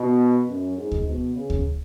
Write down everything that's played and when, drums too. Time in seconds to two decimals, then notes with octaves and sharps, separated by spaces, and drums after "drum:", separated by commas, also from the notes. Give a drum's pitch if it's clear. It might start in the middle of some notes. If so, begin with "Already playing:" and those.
Already playing: B2
0.48 F#2
0.77 G#2
0.92 drum: kick D2
1.07 B2
1.35 C#3
1.50 drum: kick D2